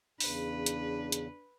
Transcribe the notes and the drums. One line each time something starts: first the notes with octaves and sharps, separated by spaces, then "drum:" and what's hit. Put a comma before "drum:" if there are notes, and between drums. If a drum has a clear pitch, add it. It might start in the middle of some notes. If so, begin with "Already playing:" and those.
E2 C#3 D4 B4, drum: open hi-hat
drum: hi-hat
drum: hi-hat